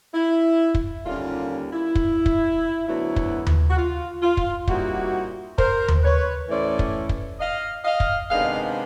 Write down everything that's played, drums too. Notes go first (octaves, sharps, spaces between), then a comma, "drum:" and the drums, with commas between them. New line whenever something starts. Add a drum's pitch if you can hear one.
E4
drum: kick
D#2 D3 G3 A#3 C#4 F4
F4
E4
drum: kick
drum: kick
D2 D3 F#3 B3 E4
drum: kick
drum: tom D#2
F#4
F4
F4
drum: kick
A#2 G3 C4 D#4 E4 F#4, drum: kick
A#4 C5, drum: kick
drum: tom D#2
B4 C#5
A2 E3 A3 C#4 E4 C5 D5
drum: kick
drum: kick
D#5 F5
D#5 F5
drum: kick
C3 D#3 G#3 B3 D4 D#5 F5